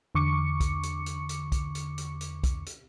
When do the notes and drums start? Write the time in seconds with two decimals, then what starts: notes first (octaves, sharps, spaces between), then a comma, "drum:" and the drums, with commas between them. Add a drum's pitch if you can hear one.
0.15 E2 D3 C#6 D6 C#7
0.60 drum: kick B1, hi-hat
0.83 drum: hi-hat
1.06 drum: hi-hat
1.29 drum: hi-hat
1.52 drum: kick B1, hi-hat
1.75 drum: hi-hat
1.98 drum: hi-hat
2.21 drum: hi-hat
2.43 drum: kick B1, hi-hat
2.66 drum: hi-hat